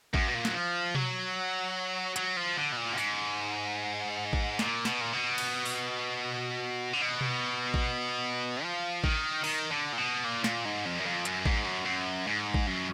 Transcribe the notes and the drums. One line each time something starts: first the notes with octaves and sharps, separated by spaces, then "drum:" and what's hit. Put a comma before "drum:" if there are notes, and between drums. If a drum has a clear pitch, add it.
F#2, drum: kick A1
B2
A#2
F#3, drum: snare
F3
F#3, drum: tom B2
F#3, drum: hi-hat
F3
D3
B2
A#2
F#2
G#2, drum: tambourine
drum: kick A1
A#2, drum: snare
B2, drum: snare
A#2
B2
drum: cymbal
drum: open hi-hat
D3
B2
drum: tom B2
drum: kick A1
F3
D#3, drum: kick A1
D#3, drum: cymbal
D3
A#2
B2
A#2
A#2, drum: snare
G#2
F2
F#2
F2
F#2, drum: hi-hat
G#2, drum: kick A1
F#2
F#2
G#2
drum: kick A1
F#2